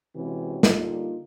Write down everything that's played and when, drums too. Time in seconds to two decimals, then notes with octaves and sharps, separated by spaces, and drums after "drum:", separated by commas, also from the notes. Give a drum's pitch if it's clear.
0.15 C3 E3 G#3 C4 C#4 F#4
0.63 D3 G3 A#3 D#4 F4, drum: snare